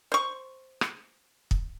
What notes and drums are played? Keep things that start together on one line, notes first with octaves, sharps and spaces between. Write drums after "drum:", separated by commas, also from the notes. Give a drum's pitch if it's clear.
C5 C#6
drum: rim click
drum: kick